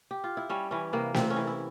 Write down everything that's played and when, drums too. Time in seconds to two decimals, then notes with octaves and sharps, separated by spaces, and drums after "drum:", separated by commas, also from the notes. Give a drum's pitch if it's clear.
0.11 G4
0.24 F4
0.37 E4
0.50 G3 C#4
0.71 E3 C#4
0.93 C3 A#3
1.14 C3 C4, drum: snare
1.30 C#4
1.36 E3
1.47 E4